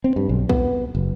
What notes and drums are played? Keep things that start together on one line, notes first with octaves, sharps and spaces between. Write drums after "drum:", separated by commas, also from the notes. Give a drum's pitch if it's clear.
C4
G2
B1
B3, drum: kick
F#1